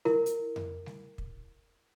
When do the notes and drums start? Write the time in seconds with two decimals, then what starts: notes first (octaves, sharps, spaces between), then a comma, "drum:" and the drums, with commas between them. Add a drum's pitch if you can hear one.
0.05 E4 A#4, drum: snare G3
0.26 drum: hi-hat
0.56 drum: tom F2
0.86 drum: snare G3
1.18 drum: kick